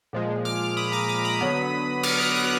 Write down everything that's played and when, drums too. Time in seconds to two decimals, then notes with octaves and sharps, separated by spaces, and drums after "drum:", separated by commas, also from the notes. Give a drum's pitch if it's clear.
0.13 A#2 F3 G#3
0.45 D6 F6
0.77 B5 D#6
0.92 A#5 D6
1.09 A#5 D6
1.25 B5 D#6
1.41 D3 F#3 B3
2.03 D6 F6, drum: cymbal
2.19 D#6 F#6
2.35 D#6 F#6